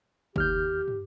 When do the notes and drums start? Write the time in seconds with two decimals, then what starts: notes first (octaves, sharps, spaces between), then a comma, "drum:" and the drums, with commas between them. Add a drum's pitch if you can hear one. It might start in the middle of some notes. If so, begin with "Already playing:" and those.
0.36 D#2 G4 F6 G6, drum: kick
0.88 drum: tom